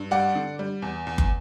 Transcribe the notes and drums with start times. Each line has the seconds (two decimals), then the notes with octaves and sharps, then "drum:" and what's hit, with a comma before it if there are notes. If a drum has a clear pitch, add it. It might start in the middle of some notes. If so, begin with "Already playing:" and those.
Already playing: G2
0.11 G3 D5 F#5
0.35 D3
0.59 G3
0.82 E2
1.07 E2
1.18 drum: kick